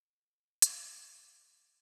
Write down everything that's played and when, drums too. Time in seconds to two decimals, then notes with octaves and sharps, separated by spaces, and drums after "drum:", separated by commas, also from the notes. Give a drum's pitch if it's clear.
0.62 D#5 F5 A5 A#5 C#6 D6, drum: hi-hat